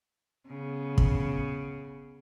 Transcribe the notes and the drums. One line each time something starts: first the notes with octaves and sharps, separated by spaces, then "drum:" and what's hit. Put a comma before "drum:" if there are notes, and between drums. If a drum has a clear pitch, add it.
C#3 B3
drum: kick